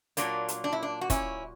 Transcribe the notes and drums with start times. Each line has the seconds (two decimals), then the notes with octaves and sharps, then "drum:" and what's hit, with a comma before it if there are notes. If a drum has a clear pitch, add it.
0.17 A#2 F#3 A#3 D4, drum: hi-hat
0.48 drum: hi-hat
0.64 D4
0.73 E4
0.83 D4
1.01 F#4
1.10 C#4 E4, drum: kick, hi-hat